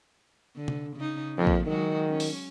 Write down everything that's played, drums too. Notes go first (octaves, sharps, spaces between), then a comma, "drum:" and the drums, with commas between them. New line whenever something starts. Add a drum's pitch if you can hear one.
D3
drum: tom C3
C#3 D#4
F2 F3 A#3
drum: kick
D#3 F#3 G#3 F#4
C#4
drum: open hi-hat